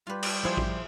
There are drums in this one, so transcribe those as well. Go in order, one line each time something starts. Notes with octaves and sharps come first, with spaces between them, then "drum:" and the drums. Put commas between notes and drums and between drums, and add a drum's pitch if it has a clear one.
G3 F4 B4
drum: cymbal
F3 E4 F4 G#4 C5
drum: kick A1